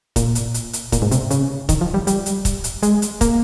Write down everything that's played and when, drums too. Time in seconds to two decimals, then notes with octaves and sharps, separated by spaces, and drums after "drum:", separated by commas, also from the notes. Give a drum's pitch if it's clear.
0.16 A#2, drum: kick, hi-hat
0.35 drum: hi-hat
0.54 drum: hi-hat
0.73 drum: hi-hat
0.92 A#2, drum: kick, hi-hat
1.02 G#2
1.11 C3, drum: hi-hat
1.31 C#3, drum: hi-hat
1.69 D#3, drum: kick, hi-hat
1.81 F3
1.94 G3
2.07 G3, drum: hi-hat
2.26 drum: hi-hat
2.45 drum: kick, hi-hat
2.64 drum: hi-hat
2.83 G#3, drum: hi-hat
3.02 drum: hi-hat
3.21 A#3, drum: kick, hi-hat